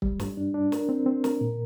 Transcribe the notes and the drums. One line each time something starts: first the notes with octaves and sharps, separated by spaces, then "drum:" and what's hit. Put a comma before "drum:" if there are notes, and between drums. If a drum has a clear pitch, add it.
G3, drum: kick
G2, drum: snare
D4
D4
A#4, drum: snare
C4
C4
A#4, drum: snare
A#2